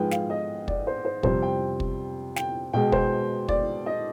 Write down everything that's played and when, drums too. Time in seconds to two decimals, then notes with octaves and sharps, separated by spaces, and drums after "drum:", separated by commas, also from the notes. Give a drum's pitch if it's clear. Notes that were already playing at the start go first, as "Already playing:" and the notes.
Already playing: G#2 F3 G#3 B4 G5
0.11 F5, drum: snare
0.30 D#5
0.68 D5, drum: kick
0.87 C5
1.05 C5
1.23 F2 C3 G3 C5, drum: kick
1.43 G5
1.80 drum: kick
2.36 G5, drum: snare
2.73 B2 G#3 G5
2.92 C5, drum: kick
3.48 D5, drum: kick
3.86 D#5